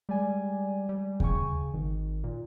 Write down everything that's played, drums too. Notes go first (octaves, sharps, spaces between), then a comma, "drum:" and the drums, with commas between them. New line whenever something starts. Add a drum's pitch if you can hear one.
G3 G#3 D5 G#5
G3
C#3 G5 G#5 C#6, drum: kick D#2
G#1 D#3
A#2